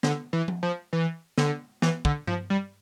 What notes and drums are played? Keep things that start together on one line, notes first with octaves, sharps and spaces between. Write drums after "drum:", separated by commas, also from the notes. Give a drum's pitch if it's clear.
D3, drum: snare
E3
drum: tom F3
F3
E3
D3, drum: snare
E3, drum: snare
D3, drum: kick
F3, drum: tom G2
G3